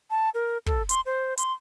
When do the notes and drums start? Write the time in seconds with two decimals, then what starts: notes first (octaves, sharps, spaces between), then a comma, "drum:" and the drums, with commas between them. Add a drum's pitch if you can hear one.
0.10 A5
0.34 A#4
0.66 A4, drum: kick
0.89 C6, drum: hi-hat
1.06 C5
1.37 C6, drum: hi-hat